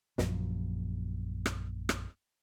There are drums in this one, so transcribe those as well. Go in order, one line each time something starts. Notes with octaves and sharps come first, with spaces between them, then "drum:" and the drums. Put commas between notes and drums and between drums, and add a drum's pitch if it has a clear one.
A#1 F#2 F3, drum: snare
drum: rim click
drum: rim click